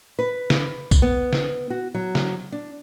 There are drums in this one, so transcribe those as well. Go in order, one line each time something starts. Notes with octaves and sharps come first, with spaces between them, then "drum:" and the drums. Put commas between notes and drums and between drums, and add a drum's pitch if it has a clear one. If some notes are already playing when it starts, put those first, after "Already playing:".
B4
drum: snare
drum: kick B1, tambourine
B3
drum: snare
F#4
F#3
drum: snare
D4